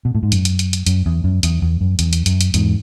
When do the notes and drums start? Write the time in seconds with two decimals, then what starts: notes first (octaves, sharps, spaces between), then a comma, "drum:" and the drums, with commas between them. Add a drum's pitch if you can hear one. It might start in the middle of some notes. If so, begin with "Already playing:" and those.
0.05 B2
0.15 A2
0.23 G#2
0.32 F#2, drum: hi-hat
0.45 drum: hi-hat
0.59 drum: hi-hat
0.73 drum: hi-hat
0.86 F#2, drum: hi-hat
1.06 E2
1.24 F#2
1.43 E2, drum: hi-hat
1.62 E2
1.81 F#2
1.99 E2, drum: hi-hat
2.13 drum: hi-hat
2.26 F#2, drum: hi-hat
2.41 drum: hi-hat
2.54 E2 G#2, drum: hi-hat